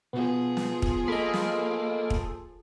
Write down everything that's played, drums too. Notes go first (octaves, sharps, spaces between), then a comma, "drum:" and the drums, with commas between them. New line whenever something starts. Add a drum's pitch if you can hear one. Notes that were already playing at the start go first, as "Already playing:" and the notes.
B2 F3 B3 F4 G#4
drum: snare
drum: kick
A#3 A4 D#5 B5
drum: snare
drum: kick